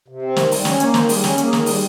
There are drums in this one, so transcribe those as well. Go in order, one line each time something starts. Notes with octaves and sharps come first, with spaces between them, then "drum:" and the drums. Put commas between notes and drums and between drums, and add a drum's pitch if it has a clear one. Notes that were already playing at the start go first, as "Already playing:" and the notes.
C3
C4
D#3, drum: snare
G3, drum: open hi-hat
C#4, drum: snare
A#3 C#5, drum: hi-hat
D#3 C5, drum: snare
G3 G#4, drum: open hi-hat
C#4, drum: snare
A#3, drum: hi-hat
G#4
D#3, drum: snare
G3, drum: open hi-hat